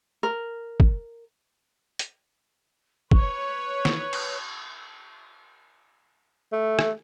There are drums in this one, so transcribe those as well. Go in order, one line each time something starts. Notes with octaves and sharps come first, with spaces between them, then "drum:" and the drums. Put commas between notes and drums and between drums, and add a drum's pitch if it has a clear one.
A#4
drum: kick
drum: hi-hat
B4 C#5 C#6, drum: kick
drum: snare
drum: cymbal
A3
drum: rim click